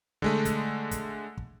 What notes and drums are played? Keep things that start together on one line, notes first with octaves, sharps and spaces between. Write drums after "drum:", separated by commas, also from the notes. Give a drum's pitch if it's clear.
D3 G#3 A3, drum: kick
drum: kick, hi-hat
drum: kick, hi-hat
drum: kick